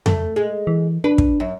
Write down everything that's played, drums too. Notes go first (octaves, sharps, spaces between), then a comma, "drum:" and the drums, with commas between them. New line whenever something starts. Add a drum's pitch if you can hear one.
A3, drum: tom F2
G#3
E3
D4 B4
drum: kick
F#2